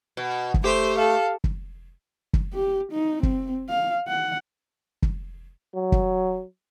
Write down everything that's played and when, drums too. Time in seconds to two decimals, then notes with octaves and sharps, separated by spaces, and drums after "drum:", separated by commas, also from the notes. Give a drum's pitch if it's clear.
0.17 B2
0.54 drum: kick
0.64 A3 G4 C5
0.97 A4 F5
1.44 drum: kick
2.33 drum: kick
2.54 G4
2.92 D#4
3.23 C4, drum: kick
3.69 F5
4.08 F#5
5.02 drum: kick
5.75 F#3
5.92 drum: kick